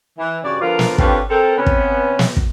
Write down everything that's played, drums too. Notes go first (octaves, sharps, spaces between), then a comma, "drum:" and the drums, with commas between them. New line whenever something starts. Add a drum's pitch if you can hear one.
E3
G2 C#3 F#4 D5
D3 F3 B3 F4 A#4
drum: snare
D3 C4 C#4 F4 G4 B4, drum: kick
C4 A4 A#4
C3 B3 C#4
drum: kick
drum: snare
drum: kick